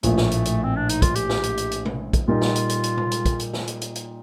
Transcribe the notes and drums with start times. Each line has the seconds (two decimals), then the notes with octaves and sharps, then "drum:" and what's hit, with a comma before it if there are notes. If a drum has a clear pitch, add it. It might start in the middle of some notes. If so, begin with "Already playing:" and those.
0.03 A#1 A2 F3 A3 A#3, drum: hi-hat
0.17 drum: snare
0.31 drum: hi-hat
0.45 drum: hi-hat
0.64 C4
0.77 D4
0.89 D#4, drum: hi-hat
1.02 F4, drum: kick, hi-hat
1.15 G4, drum: hi-hat
1.29 drum: snare
1.43 drum: hi-hat
1.57 drum: hi-hat
1.71 drum: hi-hat
1.85 drum: tom
2.13 drum: kick, hi-hat
2.28 A#2 G3 A#3 D#4 F4
2.41 drum: snare
2.55 drum: hi-hat
2.69 drum: hi-hat
2.83 drum: hi-hat
2.97 drum: tom
3.11 drum: hi-hat
3.25 drum: kick, hi-hat
3.39 drum: hi-hat
3.53 drum: snare
3.67 drum: hi-hat
3.81 drum: hi-hat
3.95 drum: hi-hat